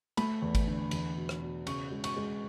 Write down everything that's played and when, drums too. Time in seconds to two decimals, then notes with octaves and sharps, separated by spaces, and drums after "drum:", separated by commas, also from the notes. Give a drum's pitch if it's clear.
0.17 A3 B5, drum: cymbal
0.42 E2
0.55 drum: kick G#1, cymbal
0.67 D3
0.91 E2, drum: cymbal
1.16 B2
1.29 drum: rim click
1.41 B2
1.67 C#3 C#6, drum: cymbal
1.91 G#3
2.04 C#6, drum: cymbal
2.16 G#3